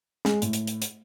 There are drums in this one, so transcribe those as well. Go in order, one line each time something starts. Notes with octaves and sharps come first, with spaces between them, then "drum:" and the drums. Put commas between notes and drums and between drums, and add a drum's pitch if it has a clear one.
G#3, drum: snare
A2, drum: hi-hat
drum: hi-hat
drum: hi-hat
drum: hi-hat